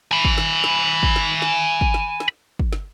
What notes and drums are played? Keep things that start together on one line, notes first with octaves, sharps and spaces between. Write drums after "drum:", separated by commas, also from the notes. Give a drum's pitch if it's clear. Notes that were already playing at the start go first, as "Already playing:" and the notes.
G#5 B5
drum: kick
drum: snare
drum: snare
drum: kick
drum: snare
drum: snare
drum: kick
drum: snare
drum: snare
drum: kick
drum: snare